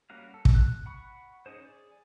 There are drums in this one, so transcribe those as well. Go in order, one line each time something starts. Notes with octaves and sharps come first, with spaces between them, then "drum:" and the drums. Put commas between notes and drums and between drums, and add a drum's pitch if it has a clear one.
G3 A#3 C#4 F#4 F5
A4
drum: kick
F#6
F#5 B5 C#6
C#4 D#4 G#4 C5
G#4 D5